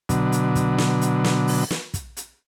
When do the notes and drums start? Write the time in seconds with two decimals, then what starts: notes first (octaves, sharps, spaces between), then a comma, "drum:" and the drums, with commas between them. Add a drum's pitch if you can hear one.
0.09 B2 D3 F#3, drum: kick, hi-hat
0.32 drum: hi-hat
0.55 drum: kick, hi-hat
0.78 drum: snare
1.01 drum: hi-hat
1.24 drum: snare
1.47 drum: open hi-hat
1.71 drum: snare
1.94 drum: kick, hi-hat
2.17 drum: hi-hat